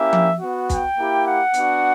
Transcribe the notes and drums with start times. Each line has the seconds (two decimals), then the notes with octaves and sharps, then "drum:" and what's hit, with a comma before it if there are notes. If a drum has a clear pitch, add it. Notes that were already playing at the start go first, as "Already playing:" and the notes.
Already playing: A#3 C#4 E4 G4 E5
0.13 drum: tom F3
0.41 B3 F#4
0.69 G5, drum: kick, hi-hat
0.97 A#3 E4 G4
1.25 F#5
1.54 B3 D4 F#4, drum: hi-hat